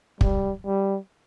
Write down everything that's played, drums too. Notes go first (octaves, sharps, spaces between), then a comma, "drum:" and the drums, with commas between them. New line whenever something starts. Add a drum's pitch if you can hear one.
G3, drum: kick
G3